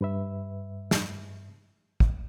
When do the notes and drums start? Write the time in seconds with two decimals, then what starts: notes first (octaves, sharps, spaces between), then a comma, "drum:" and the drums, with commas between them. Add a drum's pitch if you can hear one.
0.01 G2 B4 E5
0.91 drum: snare
2.00 drum: kick